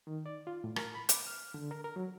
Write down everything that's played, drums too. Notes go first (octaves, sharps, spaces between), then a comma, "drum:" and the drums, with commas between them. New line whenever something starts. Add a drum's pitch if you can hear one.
D#3
D5
F4
A2
A#4, drum: rim click
B5
D6, drum: hi-hat
F6
D3
A#4
A#4
F#3